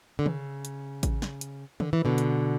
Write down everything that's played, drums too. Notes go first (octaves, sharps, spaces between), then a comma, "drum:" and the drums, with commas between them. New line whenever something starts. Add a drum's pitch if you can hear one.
D3
C#3, drum: tom D3
drum: hi-hat
drum: kick A1, hi-hat
drum: snare
drum: hi-hat
D3, drum: tom D3
E3
B2 D3
drum: hi-hat